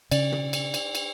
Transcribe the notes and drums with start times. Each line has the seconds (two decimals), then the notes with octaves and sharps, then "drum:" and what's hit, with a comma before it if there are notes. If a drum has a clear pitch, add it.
0.12 C#3 D5, drum: cymbal
0.32 drum: tom
0.53 drum: cymbal
0.74 drum: cymbal
0.95 drum: cymbal